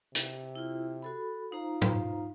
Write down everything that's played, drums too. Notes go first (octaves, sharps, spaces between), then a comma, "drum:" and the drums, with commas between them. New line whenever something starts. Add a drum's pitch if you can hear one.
C3, drum: hi-hat
E4 F4
F#4 A4 B5
D#4 F4 C5 A#5
drum: tom A2